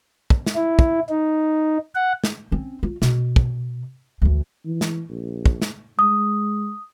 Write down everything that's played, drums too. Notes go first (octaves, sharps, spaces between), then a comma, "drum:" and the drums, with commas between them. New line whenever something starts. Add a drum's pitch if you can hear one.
drum: kick
drum: snare
E4
drum: kick
D#4
F#5
drum: snare
C4 C#4
F4
B2, drum: snare
drum: kick
D2 E3
E3
drum: snare
A#1
drum: kick
drum: snare
G#3 D#6